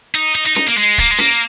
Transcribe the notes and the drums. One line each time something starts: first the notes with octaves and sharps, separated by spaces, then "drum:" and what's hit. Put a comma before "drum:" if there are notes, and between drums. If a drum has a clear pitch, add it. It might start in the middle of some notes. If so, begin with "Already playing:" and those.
D#4
D#4
D#4
D#4, drum: snare C#4
A#3
G#3
A#3, drum: kick
G#3
A#3, drum: snare C#4